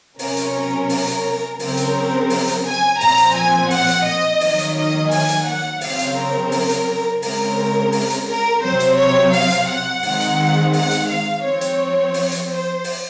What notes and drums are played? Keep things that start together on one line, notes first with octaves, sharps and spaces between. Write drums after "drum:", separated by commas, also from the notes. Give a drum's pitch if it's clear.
C3 F#3 C#4 A#4, drum: open hi-hat
drum: hi-hat
A#4
drum: open hi-hat
drum: hi-hat
C#3 F#3 C4 A#4, drum: open hi-hat
drum: hi-hat
drum: open hi-hat
drum: hi-hat
G#5
A#2 F3 C4 A#5, drum: open hi-hat
drum: hi-hat
G#5
F#5, drum: open hi-hat
drum: hi-hat
D#5
D#3 F#3 A#3, drum: open hi-hat
drum: hi-hat
D#5
G#5, drum: open hi-hat
drum: hi-hat
F#5
C#3 F#3 C4 F5, drum: open hi-hat
drum: hi-hat
A#4
drum: open hi-hat
drum: hi-hat
C#3 G#3 C4 A#4, drum: open hi-hat
drum: open hi-hat
drum: hi-hat
A#4
C3 F#3 C4 C5
drum: hi-hat
C#5
F5, drum: open hi-hat
drum: hi-hat
F#5
D#3 G#3 C4, drum: open hi-hat
drum: hi-hat
F#5, drum: open hi-hat
drum: hi-hat
F5
F3 C4 C#5
drum: hi-hat
drum: open hi-hat
drum: hi-hat
C5
drum: open hi-hat